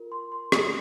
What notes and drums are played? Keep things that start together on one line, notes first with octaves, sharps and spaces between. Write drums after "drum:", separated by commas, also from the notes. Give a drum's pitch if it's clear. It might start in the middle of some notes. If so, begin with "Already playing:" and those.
Already playing: F4 A#4
C6
C6
D#6, drum: rim click